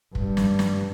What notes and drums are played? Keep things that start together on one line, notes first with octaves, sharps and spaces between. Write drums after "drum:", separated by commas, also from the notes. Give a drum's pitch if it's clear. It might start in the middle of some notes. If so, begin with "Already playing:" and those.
G2, drum: kick
drum: snare
drum: snare